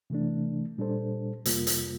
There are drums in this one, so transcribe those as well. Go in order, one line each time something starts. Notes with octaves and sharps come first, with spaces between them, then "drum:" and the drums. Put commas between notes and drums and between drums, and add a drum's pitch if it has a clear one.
C3 E3 A3 D4
A#2 G3 D4 A4 C5
F2 C3 G3 A#3 F4, drum: hi-hat
drum: hi-hat